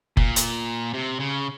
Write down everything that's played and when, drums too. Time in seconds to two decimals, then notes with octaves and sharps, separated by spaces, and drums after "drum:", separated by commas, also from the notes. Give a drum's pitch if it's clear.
0.17 A#2, drum: kick F#1
0.36 drum: hi-hat
0.94 C3
1.20 C#3